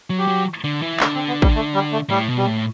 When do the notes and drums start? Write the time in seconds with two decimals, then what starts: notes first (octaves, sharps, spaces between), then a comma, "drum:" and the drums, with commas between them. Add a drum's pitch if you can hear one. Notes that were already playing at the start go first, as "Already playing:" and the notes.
0.10 F#3
0.19 G4
0.27 F#3
0.64 D3
0.82 E3
1.00 D3 A3, drum: clap
1.15 C4
1.28 B3
1.42 G3, drum: kick
1.55 A3
1.74 G3
1.92 A3
2.10 A2 G3
2.29 B2
2.38 G3
2.47 A2